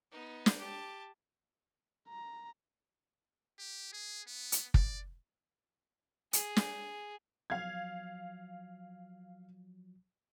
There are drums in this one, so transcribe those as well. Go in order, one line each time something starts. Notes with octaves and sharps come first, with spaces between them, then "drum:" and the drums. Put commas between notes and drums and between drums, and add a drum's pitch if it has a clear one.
B3 D#4
drum: snare
G4 A5
A#5
G4
G#4
B3
drum: hi-hat
D5, drum: kick
G#4, drum: hi-hat
drum: snare
F3 F#3 F5 G#6